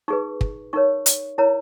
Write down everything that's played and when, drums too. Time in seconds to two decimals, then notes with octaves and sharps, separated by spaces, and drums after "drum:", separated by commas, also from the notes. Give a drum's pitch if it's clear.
0.08 D#4 G#4 B4 C#6
0.41 drum: kick
0.73 D#4 A#4 C#5 C#6
1.06 drum: hi-hat
1.38 E4 A#4 C#5 A#5